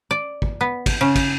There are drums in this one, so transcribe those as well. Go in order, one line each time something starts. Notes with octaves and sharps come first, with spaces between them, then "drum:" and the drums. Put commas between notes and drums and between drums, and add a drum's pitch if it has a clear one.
D5
drum: kick
B3
drum: kick, cymbal
C#3
drum: kick, cymbal